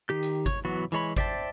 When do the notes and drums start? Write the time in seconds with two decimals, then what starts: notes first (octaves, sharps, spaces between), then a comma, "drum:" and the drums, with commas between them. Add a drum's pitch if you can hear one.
0.09 D#3 G4 G6
0.23 drum: hi-hat
0.46 C#5, drum: kick G#1, hi-hat
0.65 E3 F#3 B3 F#4
0.92 E3 G#3 C#5 B5, drum: hi-hat
1.17 C5 D5 E5 G5 A5, drum: kick G#1, hi-hat